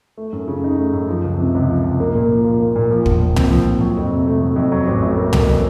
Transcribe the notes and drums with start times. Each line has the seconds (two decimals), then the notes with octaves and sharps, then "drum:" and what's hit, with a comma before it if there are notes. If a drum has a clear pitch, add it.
0.17 A3
0.33 F#2
0.48 C#3
0.64 D#4
0.79 A3
0.93 F#2
1.09 F3
1.24 C#2
1.38 C3
1.55 C#2
1.70 F3
1.84 C#2
2.00 A#3
2.15 A#2
2.30 F3
2.44 F4
2.60 A#3
2.76 A#2
2.91 F3
3.06 A#1, drum: kick
3.21 A#2
3.36 C4, drum: tom
3.50 F3
3.66 A#1
3.81 F#3
3.97 F2
4.12 C3
4.27 A3
4.41 F#3
4.56 F2
4.72 F#3
4.87 A1
5.02 A2
5.17 A#3
5.33 F#3, drum: tom